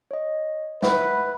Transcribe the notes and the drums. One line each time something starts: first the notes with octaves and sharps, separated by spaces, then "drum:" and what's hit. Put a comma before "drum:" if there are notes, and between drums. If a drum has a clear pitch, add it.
C#5 D#5
B4 E5 F#5, drum: snare